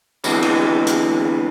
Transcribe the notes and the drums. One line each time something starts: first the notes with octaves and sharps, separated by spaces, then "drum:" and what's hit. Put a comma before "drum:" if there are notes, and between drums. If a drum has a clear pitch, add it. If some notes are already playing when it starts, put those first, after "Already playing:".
D3 E3 F3 G#3 B3 C4, drum: tambourine
drum: cymbal
drum: hi-hat